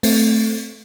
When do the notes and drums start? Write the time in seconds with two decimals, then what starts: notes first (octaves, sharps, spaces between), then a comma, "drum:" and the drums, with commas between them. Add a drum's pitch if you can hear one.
0.03 A3 C4, drum: open hi-hat